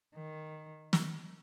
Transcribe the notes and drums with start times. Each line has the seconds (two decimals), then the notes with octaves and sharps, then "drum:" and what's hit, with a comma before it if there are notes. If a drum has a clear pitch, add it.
0.15 D#3
0.93 drum: snare